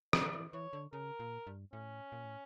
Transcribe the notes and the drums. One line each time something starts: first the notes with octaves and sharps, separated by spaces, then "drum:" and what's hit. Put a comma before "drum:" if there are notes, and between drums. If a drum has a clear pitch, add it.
D3 D5, drum: rim click
E3
E3 C#5
D3
C#3 A#4
A#2
G2
A2 C#4
A#2
A2